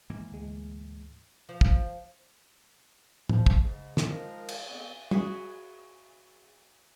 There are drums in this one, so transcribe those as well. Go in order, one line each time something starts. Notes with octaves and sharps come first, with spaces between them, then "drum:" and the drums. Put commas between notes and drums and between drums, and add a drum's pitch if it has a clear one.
G#2 E3 A#3
D2 G#3
F3
drum: kick
F3, drum: tom
drum: kick
G#2 C#3
drum: snare
D#3 F3 G#3 A#4
drum: cymbal
D3 G#3 B3 C4
F#4 G#4 B4, drum: tom